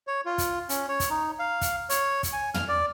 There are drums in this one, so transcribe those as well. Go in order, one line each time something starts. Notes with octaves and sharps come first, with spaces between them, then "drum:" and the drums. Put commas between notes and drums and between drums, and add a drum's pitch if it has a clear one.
C#5
F4
drum: kick, hi-hat
C#4, drum: hi-hat
C#5
drum: kick, hi-hat
D#4
F5
drum: kick, hi-hat
C#5, drum: hi-hat
drum: kick, hi-hat
G#5
F6, drum: tom
D5